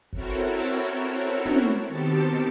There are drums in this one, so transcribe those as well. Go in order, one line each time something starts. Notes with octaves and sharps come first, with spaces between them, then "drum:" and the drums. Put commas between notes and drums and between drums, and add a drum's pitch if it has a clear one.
C4 E4 F#4 A4 A#4 C#5, drum: kick
drum: open hi-hat
drum: tom
B2 D#3 C4 G4 A5 C#7